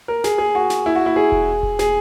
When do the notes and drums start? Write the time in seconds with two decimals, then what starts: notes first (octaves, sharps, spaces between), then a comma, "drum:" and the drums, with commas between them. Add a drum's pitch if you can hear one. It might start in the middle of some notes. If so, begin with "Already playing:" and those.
0.08 A#4
0.24 G#4, drum: snare
0.38 G#4
0.55 F#4
0.70 drum: snare
0.86 E4
0.95 F#4
1.06 E4
1.16 G#4
1.32 drum: kick E1
1.63 drum: kick E1
1.79 G#4, drum: snare